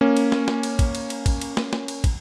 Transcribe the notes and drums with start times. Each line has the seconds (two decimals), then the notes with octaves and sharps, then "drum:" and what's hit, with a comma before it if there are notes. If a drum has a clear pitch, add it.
0.01 A#3 C#4
0.17 drum: cymbal
0.32 drum: snare
0.48 drum: snare
0.63 drum: cymbal
0.79 drum: kick, cymbal
0.95 drum: cymbal
1.10 drum: cymbal
1.26 drum: kick, cymbal
1.41 drum: cymbal
1.57 drum: snare
1.73 drum: snare
1.88 drum: cymbal
2.04 drum: kick, cymbal